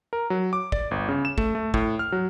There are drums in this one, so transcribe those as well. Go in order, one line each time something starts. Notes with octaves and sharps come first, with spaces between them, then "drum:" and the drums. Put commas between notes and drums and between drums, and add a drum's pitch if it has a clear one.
A#4
F#3
D6
D5, drum: kick
G1
C#3
E7
A3, drum: kick
A3
A2, drum: kick
F6
F#3